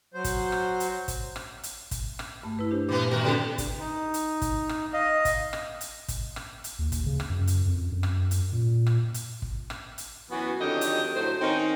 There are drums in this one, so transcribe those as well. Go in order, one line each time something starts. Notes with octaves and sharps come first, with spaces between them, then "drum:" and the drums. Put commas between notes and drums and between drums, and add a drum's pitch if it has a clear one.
F#3 C5
drum: kick, hi-hat
drum: rim click
drum: hi-hat
drum: kick, hi-hat
drum: rim click
drum: hi-hat
drum: kick, hi-hat
drum: rim click
G2 A3
E4 B4
D4 G4 C5
A#2 E3 A#3 B3 D6
D#2 F#4 A#4
A#2 C#3 C4 G4 A4 B4
drum: kick, hi-hat
D#4
drum: hi-hat
drum: kick, hi-hat
drum: rim click
D#5 F5
drum: kick, hi-hat
drum: rim click
drum: hi-hat
drum: kick, hi-hat
drum: rim click
drum: hi-hat
D#2
drum: kick, hi-hat
C#3
drum: rim click
F#2
drum: hi-hat
F2
F#2
drum: rim click
drum: hi-hat
A#2
drum: rim click
drum: hi-hat
drum: kick
drum: rim click
drum: hi-hat
F#2 E3 B3 F#4
F2 D3 D#3 F#3 G4 D#5
drum: hi-hat
A2 F#3 C5
D#3 C4 C#4 D#4